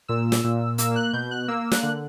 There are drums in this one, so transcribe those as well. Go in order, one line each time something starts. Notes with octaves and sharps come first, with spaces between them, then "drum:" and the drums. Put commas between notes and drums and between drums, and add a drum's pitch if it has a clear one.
A#2 E6
drum: snare
A#2
A#3 E6, drum: hi-hat
F#6
B2 G6
F#6
A#3 E6
F#6, drum: snare
D3